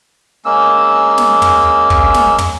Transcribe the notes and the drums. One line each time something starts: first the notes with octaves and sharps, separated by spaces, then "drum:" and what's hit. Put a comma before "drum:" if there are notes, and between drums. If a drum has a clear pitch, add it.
G#3 A#3 C#4 E6
drum: snare
drum: tom
drum: kick
drum: snare
drum: tom